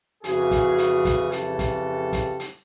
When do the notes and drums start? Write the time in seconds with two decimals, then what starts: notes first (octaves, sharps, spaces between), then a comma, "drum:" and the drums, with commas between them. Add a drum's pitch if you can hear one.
0.24 F2 C#3 E3 F#4 G#4, drum: hi-hat
0.51 drum: kick, hi-hat
0.78 drum: hi-hat
1.05 drum: kick, hi-hat
1.32 F2 C#3 E3 G4 A4, drum: hi-hat
1.59 drum: kick, hi-hat
2.13 drum: kick, hi-hat
2.40 drum: hi-hat